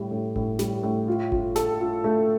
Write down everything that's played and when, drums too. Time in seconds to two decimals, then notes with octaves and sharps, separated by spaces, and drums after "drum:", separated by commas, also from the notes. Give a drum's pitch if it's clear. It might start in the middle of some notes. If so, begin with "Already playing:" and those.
Already playing: A2 G3
0.11 A2
0.36 A2, drum: kick G1
0.59 G3, drum: snare
0.83 A2
1.08 F4
1.32 F4, drum: kick G1
1.56 A4, drum: snare
1.80 F4
2.04 A3